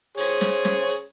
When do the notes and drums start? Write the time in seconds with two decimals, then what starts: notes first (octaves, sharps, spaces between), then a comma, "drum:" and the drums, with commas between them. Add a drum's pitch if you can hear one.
0.17 G#4 C5 C#5, drum: open hi-hat
0.41 drum: snare
0.65 drum: snare
0.88 drum: hi-hat